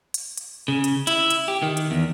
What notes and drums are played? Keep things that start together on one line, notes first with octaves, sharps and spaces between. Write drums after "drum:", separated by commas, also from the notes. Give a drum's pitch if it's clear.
drum: hi-hat
drum: hi-hat
C#3
drum: hi-hat
E4, drum: hi-hat
drum: hi-hat
G4
D#3
drum: hi-hat
E2